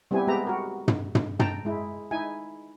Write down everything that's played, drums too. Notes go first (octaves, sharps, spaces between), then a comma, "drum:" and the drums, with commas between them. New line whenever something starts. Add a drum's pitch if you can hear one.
G3 B3 C4 E4 G4 G#5
G#3 B3 G4 E5 A#5
F#4 A#4
drum: tom
drum: tom
G5 A5 A#5, drum: tom
G#3 E4
D#4 E4 G#5